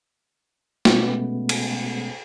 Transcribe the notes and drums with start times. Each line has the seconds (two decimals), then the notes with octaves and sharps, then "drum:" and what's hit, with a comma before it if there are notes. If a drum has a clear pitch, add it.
0.85 B2 G#3 A3 B3 C#4, drum: snare
1.49 drum: cymbal